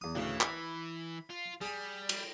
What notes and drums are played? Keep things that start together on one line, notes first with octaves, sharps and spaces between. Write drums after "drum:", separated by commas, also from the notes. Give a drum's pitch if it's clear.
E2 D#6
D2 A2 C#3 E3
B5, drum: clap
F4
G3 G#4 G#5
drum: cymbal